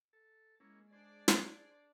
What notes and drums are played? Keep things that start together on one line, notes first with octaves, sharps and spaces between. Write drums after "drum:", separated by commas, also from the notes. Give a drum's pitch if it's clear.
A4
G#3 A#3 C#4 E4
D4 G#4 C5 D5
drum: snare